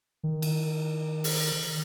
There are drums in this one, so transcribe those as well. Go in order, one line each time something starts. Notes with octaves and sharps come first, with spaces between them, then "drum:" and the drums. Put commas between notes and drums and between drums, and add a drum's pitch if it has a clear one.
D#3
drum: cymbal
drum: open hi-hat